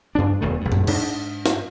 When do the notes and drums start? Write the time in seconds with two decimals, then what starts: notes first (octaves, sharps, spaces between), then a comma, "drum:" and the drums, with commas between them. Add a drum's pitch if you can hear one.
0.15 G2 D4
0.41 E1 E2 D#3 A3
0.61 A#1 G2
0.72 drum: tom F#2
0.87 G#2 D4, drum: cymbal
1.46 drum: snare